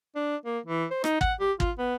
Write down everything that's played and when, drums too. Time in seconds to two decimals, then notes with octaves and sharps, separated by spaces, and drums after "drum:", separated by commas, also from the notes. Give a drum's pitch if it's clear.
0.16 D4
0.46 A#3
0.66 E3
0.90 C5
1.04 D#4, drum: rim click
1.21 F#5, drum: kick
1.40 G4
1.60 F4, drum: kick
1.78 B3